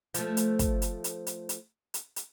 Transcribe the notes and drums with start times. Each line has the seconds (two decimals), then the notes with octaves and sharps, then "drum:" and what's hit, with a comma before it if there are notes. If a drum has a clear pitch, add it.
0.14 F3 A3, drum: hi-hat
0.37 drum: hi-hat
0.59 drum: kick, hi-hat
0.82 drum: hi-hat
1.04 drum: hi-hat
1.27 drum: hi-hat
1.49 drum: hi-hat
1.94 drum: hi-hat
2.16 drum: hi-hat